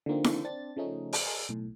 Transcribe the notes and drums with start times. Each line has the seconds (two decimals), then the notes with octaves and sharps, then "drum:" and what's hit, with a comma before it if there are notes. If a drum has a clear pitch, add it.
0.06 D3 D#3 F3 A#3 C4
0.24 drum: snare E4
0.44 C4 D4 A6
0.76 C#3 F3 A3 C#4 D#4
1.13 D#6, drum: open hi-hat
1.26 G#4 A#4 D#5 A5 C6 D#6
1.49 B1 A2